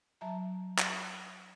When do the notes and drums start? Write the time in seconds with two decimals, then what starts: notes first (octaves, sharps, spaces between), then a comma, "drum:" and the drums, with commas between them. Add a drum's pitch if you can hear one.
0.21 F#3 E5 A5 A#5
0.78 drum: clap